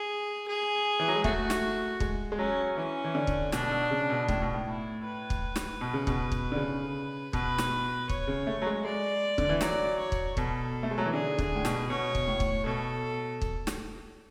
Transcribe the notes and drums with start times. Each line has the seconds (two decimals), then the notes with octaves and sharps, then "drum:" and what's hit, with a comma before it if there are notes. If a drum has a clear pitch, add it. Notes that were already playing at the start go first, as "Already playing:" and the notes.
Already playing: G#4
0.48 G#4
1.00 E3
1.08 F#3
1.16 G#3
1.24 A3 F#4, drum: kick
1.50 drum: snare
2.00 G#3, drum: kick
2.32 G#3
2.38 F#3 C#4
2.77 E3 C#4
3.04 E3
3.15 D3
3.27 drum: kick
3.52 B2 D4, drum: snare
3.71 B2
3.91 C#3
4.10 B2
4.28 A2, drum: kick
4.42 B2
4.54 A2
4.67 E4
5.05 B4
5.30 drum: kick
5.56 drum: snare
5.81 B2
5.94 C#3
6.07 B2, drum: kick
6.32 drum: kick
6.52 D3
6.56 C#3
7.33 B2 B4, drum: kick
7.58 drum: snare
8.09 C#5, drum: kick
8.27 C#3
8.47 A3
8.62 F#3
8.67 G#3
8.85 G#3 D5
9.38 D3, drum: kick
9.49 E3
9.61 F#3 D5, drum: snare
9.99 C#5
10.12 drum: kick
10.37 B2 A4, drum: kick
10.83 A3
10.91 G#3
10.98 F#3
11.06 E3
11.13 D3 G#4
11.39 D3, drum: kick
11.55 A2
11.65 B2, drum: snare
11.89 B2 C#5
12.15 drum: kick
12.28 A2
12.40 drum: kick
12.66 B2 A4
13.42 drum: kick
13.67 drum: snare